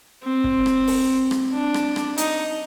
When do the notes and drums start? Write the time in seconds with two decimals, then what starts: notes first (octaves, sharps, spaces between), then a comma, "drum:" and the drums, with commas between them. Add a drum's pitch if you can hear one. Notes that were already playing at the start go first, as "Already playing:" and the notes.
0.23 C4
0.44 drum: kick
0.66 drum: rim click
0.87 drum: open hi-hat
1.31 drum: rim click
1.53 D4
1.74 drum: rim click
1.96 drum: rim click
2.18 D#4, drum: hi-hat